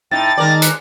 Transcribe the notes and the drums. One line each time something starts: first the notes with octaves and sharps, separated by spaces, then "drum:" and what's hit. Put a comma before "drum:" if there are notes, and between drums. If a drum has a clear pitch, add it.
A2 D#4 G5 A6
D#3 G#3 A#4 D5
F#6, drum: hi-hat